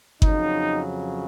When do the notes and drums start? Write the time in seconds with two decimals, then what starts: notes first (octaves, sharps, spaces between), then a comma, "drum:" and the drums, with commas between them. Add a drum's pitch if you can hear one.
0.22 F2 C#3 F#3 D#4, drum: kick G1